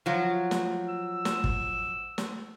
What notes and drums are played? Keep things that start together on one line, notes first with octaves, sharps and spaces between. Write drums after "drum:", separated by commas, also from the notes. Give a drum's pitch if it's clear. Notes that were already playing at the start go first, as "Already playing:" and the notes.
F3 F#3
drum: snare
E6
drum: snare
drum: kick G#1
drum: snare